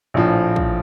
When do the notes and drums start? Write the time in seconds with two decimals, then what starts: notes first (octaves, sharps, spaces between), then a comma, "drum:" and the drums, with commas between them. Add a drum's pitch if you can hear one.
0.14 A#1 A2 F3
0.56 drum: kick